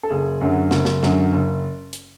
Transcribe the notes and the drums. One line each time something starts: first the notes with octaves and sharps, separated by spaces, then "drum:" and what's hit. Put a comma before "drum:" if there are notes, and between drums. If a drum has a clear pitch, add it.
A4
F#1 G#4
F#2 D3 F#3
F#1, drum: snare
drum: snare
F#2 D3 F#3, drum: snare
F#1
drum: hi-hat